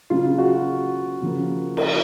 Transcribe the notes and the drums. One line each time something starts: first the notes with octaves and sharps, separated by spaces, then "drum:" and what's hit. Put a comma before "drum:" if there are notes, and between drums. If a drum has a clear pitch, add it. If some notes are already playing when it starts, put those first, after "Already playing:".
C#3 F#3 A#3 F4
F#4
C#3 F3 A#3
A#4, drum: cymbal